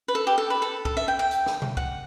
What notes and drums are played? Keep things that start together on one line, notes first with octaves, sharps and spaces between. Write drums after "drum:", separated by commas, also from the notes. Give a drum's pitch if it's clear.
B4
A4
G4
A4
B4
A4
A4, drum: kick
E5
G5
G5
drum: hi-hat
drum: snare
drum: tom B2
F#5, drum: kick